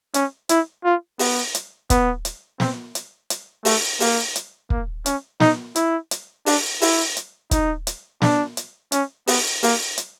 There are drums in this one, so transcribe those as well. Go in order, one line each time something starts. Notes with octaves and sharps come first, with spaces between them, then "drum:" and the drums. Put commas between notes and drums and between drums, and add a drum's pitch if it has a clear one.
C#4, drum: hi-hat
E4, drum: hi-hat
F4
B3, drum: open hi-hat
drum: hi-hat
B3, drum: kick, hi-hat
drum: hi-hat
C4, drum: snare
drum: hi-hat
drum: hi-hat
A3, drum: open hi-hat
A#3, drum: open hi-hat
drum: hi-hat
A#3, drum: kick
C#4, drum: hi-hat
D#4, drum: snare
E4, drum: hi-hat
drum: hi-hat
D4, drum: open hi-hat
E4, drum: open hi-hat
drum: hi-hat
D#4, drum: kick, hi-hat
drum: hi-hat
D4, drum: snare
drum: hi-hat
C#4, drum: hi-hat
B3, drum: open hi-hat
A#3, drum: open hi-hat
drum: hi-hat